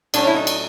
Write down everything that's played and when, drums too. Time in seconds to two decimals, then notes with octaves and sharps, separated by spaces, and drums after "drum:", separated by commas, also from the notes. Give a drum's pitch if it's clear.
0.14 A2 F#3 A3 C#4 D4, drum: cymbal
0.27 E4
0.36 D#4
0.47 drum: cymbal